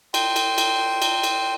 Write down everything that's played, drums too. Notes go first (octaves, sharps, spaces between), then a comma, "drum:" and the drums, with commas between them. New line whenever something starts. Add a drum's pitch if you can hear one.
G5 C6, drum: cymbal
drum: cymbal
drum: cymbal
drum: cymbal
drum: cymbal